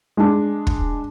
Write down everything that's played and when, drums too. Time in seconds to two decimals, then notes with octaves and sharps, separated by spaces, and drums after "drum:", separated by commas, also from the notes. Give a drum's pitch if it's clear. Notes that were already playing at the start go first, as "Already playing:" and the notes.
0.17 G#3 D4
0.67 drum: kick